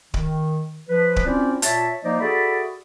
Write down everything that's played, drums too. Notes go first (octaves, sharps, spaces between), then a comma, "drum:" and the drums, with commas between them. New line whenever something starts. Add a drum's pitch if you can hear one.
D#3, drum: kick D1
F3 B4
drum: kick D1
C4 C#4 E4 F4 C5 D5
A#2 C#5 E5 A5, drum: hi-hat
F3 A#3 D#4 C5 D5 D#5
F#4 G#4 A4 D5 E5 B5